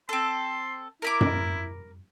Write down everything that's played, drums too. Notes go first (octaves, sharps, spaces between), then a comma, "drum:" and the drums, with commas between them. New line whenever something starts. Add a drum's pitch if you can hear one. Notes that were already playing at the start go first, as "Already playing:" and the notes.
C4 A4 C6
E4 A#4 B5 D6
drum: tom F#2